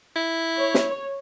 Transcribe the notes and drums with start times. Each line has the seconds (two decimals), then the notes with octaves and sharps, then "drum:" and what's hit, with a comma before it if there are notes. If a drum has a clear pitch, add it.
0.16 E4
0.57 C#5
0.74 drum: snare